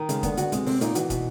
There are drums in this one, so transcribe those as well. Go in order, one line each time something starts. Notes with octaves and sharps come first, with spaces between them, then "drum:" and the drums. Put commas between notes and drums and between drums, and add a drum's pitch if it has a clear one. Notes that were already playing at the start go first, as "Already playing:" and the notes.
Already playing: D#3
C#3 G#3, drum: hi-hat
D3 B3, drum: kick, hi-hat
D3 F#4, drum: hi-hat
C3 G#3, drum: hi-hat
C3 C4, drum: open hi-hat
A#2 D#4, drum: hi-hat
E3 F#4, drum: hi-hat
B2, drum: kick, hi-hat